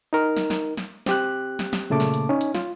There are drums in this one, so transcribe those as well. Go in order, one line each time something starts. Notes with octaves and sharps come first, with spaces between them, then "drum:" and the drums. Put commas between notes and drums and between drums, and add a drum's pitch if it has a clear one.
D#4 A#4
drum: snare
drum: snare
drum: snare
C4 G4 F#6, drum: snare
drum: snare
drum: snare
A#2 C#3 A3 A5 D6
drum: snare
drum: hi-hat
C#4 D#4
drum: hi-hat
F4, drum: snare